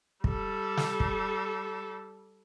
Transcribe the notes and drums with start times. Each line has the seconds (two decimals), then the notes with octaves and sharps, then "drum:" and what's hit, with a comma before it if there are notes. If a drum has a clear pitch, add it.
0.24 G3 A4, drum: kick
0.77 drum: snare
1.00 drum: kick